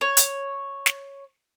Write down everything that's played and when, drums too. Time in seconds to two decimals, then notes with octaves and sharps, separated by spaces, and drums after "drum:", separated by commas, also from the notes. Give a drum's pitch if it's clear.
0.01 C#5
0.17 drum: hi-hat
0.86 drum: snare